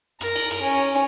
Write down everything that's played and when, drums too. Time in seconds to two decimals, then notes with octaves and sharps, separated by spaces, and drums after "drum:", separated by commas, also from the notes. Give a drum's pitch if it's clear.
0.21 A#4 A#5, drum: rim click
0.36 drum: cymbal
0.51 drum: rim click
0.62 C#4